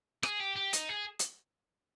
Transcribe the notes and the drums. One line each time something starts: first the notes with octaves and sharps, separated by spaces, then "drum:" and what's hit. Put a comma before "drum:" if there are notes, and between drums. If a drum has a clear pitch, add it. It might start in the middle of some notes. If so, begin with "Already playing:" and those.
G#4, drum: rim click
G4
G4
D#4, drum: hi-hat
G#4
drum: hi-hat